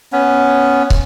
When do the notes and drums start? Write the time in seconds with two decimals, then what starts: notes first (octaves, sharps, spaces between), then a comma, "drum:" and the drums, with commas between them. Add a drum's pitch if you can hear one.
0.12 B3 C#4
0.90 drum: kick